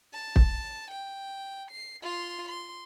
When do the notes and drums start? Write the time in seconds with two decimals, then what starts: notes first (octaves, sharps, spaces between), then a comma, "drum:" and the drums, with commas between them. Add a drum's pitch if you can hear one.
0.13 A5
0.36 drum: kick
0.91 G5
1.71 C7
2.03 F4 C6
2.49 C6